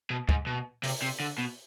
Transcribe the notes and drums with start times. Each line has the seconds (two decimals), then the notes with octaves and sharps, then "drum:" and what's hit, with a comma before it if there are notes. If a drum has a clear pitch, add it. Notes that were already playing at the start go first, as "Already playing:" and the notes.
0.10 B2
0.29 G#2, drum: kick
0.46 B2
0.83 C3, drum: open hi-hat
1.02 C3
1.20 D3
1.38 B2